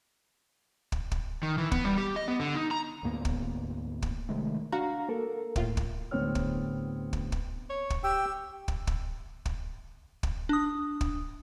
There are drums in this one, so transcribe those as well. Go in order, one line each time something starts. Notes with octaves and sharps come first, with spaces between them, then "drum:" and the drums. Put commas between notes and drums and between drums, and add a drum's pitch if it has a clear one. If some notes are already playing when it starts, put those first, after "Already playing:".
drum: kick
drum: kick
D#3
E3
B3, drum: kick
G3
G4
D#5
B3
D3
D#4
A#5
D2 G#2 A#3 B3
drum: kick
drum: kick
C3 D#3 G#3 A3
D4 F#4 F5 A#5
A#3 A4 A#4
A2 F4, drum: kick
drum: kick
D1 D3 B3 C4 C#5 F6
drum: kick
drum: kick
drum: kick
C#5
drum: kick
G4 G5 E6
drum: kick
drum: kick
drum: kick
drum: kick
D4 D#6
drum: kick